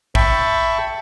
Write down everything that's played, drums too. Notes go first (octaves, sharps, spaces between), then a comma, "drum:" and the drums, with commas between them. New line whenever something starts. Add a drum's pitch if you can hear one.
E5 G5 A5 B5 C#6, drum: kick